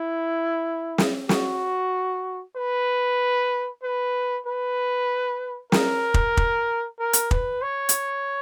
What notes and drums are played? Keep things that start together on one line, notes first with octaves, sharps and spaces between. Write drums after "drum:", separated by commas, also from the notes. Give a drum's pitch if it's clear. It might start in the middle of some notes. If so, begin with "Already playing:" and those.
Already playing: E4
drum: snare
F#4, drum: snare
B4
B4
B4
A#4, drum: snare
drum: kick
drum: kick
A#4
drum: hi-hat
B4, drum: kick
C#5
drum: hi-hat